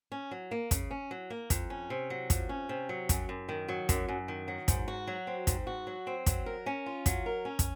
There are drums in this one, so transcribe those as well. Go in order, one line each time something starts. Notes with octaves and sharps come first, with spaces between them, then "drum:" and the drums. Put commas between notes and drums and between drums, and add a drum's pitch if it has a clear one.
C#4
F#3
A#3
C#3, drum: kick, hi-hat
C#4
F#3
A#3
F2, drum: kick, hi-hat
C#4
C3
F#3
F2, drum: kick, hi-hat
C#4
C3
F#3
F#2, drum: kick, hi-hat
F#2
D#3
F#3
F#2, drum: kick, hi-hat
F#2
D#3
F#3
G#2, drum: kick, hi-hat
F#4
F#3
C4
G#2, drum: kick, hi-hat
F#4
F#3
C4
F#3, drum: kick, hi-hat
A#4
C#4
F4
F#3, drum: kick, hi-hat
A#4
C#4
drum: kick, hi-hat